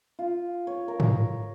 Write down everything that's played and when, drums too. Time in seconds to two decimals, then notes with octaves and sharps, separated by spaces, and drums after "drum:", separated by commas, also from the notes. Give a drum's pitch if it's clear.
0.19 F4
0.67 C#5
0.88 A#4
1.00 drum: tom G#2